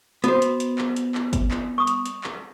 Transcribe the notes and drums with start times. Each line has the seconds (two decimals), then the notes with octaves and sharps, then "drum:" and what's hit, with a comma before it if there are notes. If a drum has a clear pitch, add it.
0.24 B3 F#4 C5, drum: hi-hat
0.42 drum: hi-hat
0.60 drum: hi-hat
0.78 drum: clap
0.96 drum: hi-hat
1.15 drum: clap
1.33 drum: kick, hi-hat
1.51 drum: clap
1.78 C#6 D#6
1.87 drum: hi-hat
2.06 drum: hi-hat
2.24 drum: clap